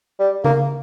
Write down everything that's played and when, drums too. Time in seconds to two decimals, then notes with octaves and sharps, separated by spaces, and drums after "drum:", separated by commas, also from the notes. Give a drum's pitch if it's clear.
0.19 G3
0.44 A#3, drum: tom C#3